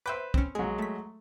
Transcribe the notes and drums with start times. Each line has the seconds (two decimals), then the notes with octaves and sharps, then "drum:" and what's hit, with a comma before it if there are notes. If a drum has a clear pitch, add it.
0.06 B4 C5 E5 G5 D6
0.34 C4 C#4, drum: kick
0.55 A#1 F#3 G#3 G#4
0.78 A3 B6